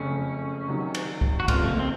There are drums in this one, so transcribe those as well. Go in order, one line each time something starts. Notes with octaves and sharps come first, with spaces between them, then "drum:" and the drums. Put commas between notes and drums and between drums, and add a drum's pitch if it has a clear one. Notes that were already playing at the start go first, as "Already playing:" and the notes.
Already playing: F#1 F2 C#3 A3 C#4
C3 D#3 F#3
drum: cymbal
drum: kick
F#4
F#1 F2 C3 F4, drum: kick, cymbal
A3
A#3
C4